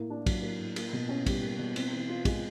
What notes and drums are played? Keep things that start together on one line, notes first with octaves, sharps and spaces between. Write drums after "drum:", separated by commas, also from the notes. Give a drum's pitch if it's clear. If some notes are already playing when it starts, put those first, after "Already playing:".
Already playing: A2 A#3
D4
F#3, drum: kick, cymbal
A#3
A2
A#3, drum: cymbal
B2
C#4
G3, drum: kick, cymbal
A#3
B2
C4, drum: cymbal
E3
F4
G#3, drum: kick, cymbal